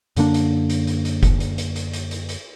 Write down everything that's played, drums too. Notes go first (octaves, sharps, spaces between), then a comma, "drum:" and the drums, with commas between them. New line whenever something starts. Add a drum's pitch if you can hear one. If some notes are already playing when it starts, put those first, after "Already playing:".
F#2 D3 A#3 D4, drum: hi-hat
drum: hi-hat
drum: hi-hat
drum: hi-hat
drum: hi-hat
drum: kick F1, hi-hat
drum: hi-hat
drum: hi-hat
drum: hi-hat
drum: hi-hat
drum: hi-hat
drum: hi-hat